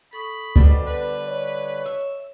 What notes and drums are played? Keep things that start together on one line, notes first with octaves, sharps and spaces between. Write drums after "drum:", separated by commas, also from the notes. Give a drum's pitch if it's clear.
A4 B5 C#6 D#6
B2 D3 G3 A4 C5 D5, drum: kick C#2
B3 B4
C#5 D#5
E5